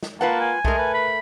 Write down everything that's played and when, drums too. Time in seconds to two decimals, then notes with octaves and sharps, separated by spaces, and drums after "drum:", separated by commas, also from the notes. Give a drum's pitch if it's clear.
0.03 drum: snare
0.21 A#3 F4 B4 F#5 A5
0.40 G#5
0.65 G#3 A3 A#4, drum: kick B1
0.78 B4
0.94 B5